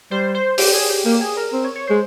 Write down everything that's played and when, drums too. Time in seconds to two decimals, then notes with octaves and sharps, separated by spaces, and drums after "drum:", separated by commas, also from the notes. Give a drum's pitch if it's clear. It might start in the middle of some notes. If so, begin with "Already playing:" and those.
0.11 G3 C5
0.34 C5
0.58 G4, drum: open hi-hat
0.73 G#4
0.89 G4
1.05 A#3 G4
1.21 G#4
1.37 A#4
1.53 C4
1.64 C#5
1.75 C#5
1.87 G#3 C5